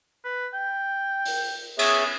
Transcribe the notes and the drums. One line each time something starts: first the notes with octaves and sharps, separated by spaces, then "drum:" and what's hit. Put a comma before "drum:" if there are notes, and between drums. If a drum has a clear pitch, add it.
B4
G5
drum: open hi-hat
B3 G#4 C#5 E5, drum: cymbal